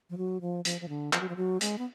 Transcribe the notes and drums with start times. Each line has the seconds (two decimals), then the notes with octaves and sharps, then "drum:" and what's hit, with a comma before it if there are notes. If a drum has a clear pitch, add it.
0.10 F3
0.18 F#3
0.41 F3
0.65 F3, drum: hi-hat
0.81 F3
0.89 D3
1.13 F3, drum: clap
1.21 F#3
1.29 F3
1.36 F#3
1.61 G#3, drum: hi-hat
1.78 B3